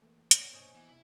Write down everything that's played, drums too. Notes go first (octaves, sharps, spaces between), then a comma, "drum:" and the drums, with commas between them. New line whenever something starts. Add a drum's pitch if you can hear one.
E3 A3 A#3
D3 B3 C#5 F#5, drum: hi-hat
G2 B2 A#3 C5 C#5 D#5 G#5
E3 B3
F2 C3 E4